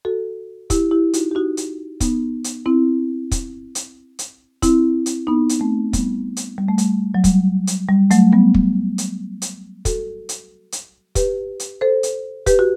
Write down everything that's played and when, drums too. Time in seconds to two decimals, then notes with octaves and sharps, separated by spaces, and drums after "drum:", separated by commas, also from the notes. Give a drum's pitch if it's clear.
0.05 F#4 A4
0.70 E4 G4, drum: kick, hi-hat
0.91 E4 G4
1.14 D#4 F#4, drum: hi-hat
1.31 G4
1.35 D#4 F#4
1.57 drum: hi-hat
2.00 B3 D#4, drum: kick, hi-hat
2.44 drum: hi-hat
2.66 C4 E4
3.31 drum: kick, hi-hat
3.75 drum: hi-hat
4.19 drum: hi-hat
4.62 C4 E4, drum: kick, hi-hat
5.06 drum: hi-hat
5.27 B3 D#4
5.49 drum: hi-hat
5.60 A3 C4
5.93 G3 B3, drum: kick, hi-hat
6.37 drum: hi-hat
6.58 G3
6.68 A3
6.78 G3, drum: hi-hat
7.14 F#3
7.24 G3, drum: kick, hi-hat
7.67 drum: hi-hat
7.88 G3
8.11 F#3 A3, drum: hi-hat
8.33 G3 B3
8.54 drum: kick
8.98 drum: hi-hat
9.42 drum: hi-hat
9.85 F#4 A4, drum: kick, hi-hat
10.29 drum: hi-hat
10.72 drum: hi-hat
11.15 G4 B4, drum: kick, hi-hat
11.60 drum: hi-hat
11.81 A4 C5
12.03 drum: hi-hat
12.46 G4 B4, drum: kick, hi-hat
12.59 F#4